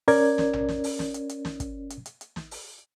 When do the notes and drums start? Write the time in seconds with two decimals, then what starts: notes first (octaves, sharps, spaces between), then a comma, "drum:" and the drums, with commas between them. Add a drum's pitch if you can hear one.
0.08 C#4 A#4 D5 G#6, drum: open hi-hat
0.38 drum: snare
0.53 drum: tom A#1
0.69 drum: snare
0.84 drum: open hi-hat
0.99 drum: snare
1.14 drum: hi-hat
1.29 drum: hi-hat
1.45 drum: snare
1.60 drum: kick, hi-hat
1.90 drum: hi-hat
2.06 drum: hi-hat
2.21 drum: hi-hat
2.36 drum: snare
2.51 drum: open hi-hat